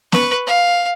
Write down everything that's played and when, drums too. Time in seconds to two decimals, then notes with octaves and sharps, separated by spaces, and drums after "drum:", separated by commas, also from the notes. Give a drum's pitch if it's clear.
0.12 B4 C#6, drum: snare B3
0.47 F5